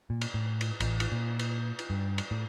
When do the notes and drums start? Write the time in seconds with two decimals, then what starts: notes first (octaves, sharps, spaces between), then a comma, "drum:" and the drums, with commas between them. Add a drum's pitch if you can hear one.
0.10 A#2
0.21 drum: cymbal
0.34 A2
0.61 drum: cymbal
0.80 A1, drum: cymbal
1.00 drum: cymbal
1.12 A#2
1.39 drum: cymbal
1.79 drum: cymbal
1.90 G2
2.18 drum: cymbal
2.31 A2